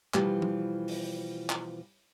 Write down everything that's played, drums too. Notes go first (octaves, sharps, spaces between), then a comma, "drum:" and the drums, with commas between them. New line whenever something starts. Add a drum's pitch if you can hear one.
B2 E3 F3 G3, drum: clap
drum: tom F3
drum: open hi-hat
drum: clap